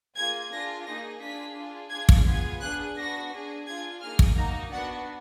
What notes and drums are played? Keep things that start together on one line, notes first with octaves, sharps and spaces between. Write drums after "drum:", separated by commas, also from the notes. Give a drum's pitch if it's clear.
A#3 F4 G#4 G#6
D4 F4 G#4 A#6
A#3 D#4 G#4 A#6
D4 F4 G#4 B6
D4 F4 G#4
D4 F4 G#4 G#6
drum: kick
B3 F4 G#4 G#6
B3 D4 G#4 F#6
B3 D4 F#4 A#6
D4 G#4
D4 F4 G#4 G#6
A#3 D#4 G#4 F6
drum: kick
A#3 D#4 F#4 A#5
B3 D4 F#4 F#5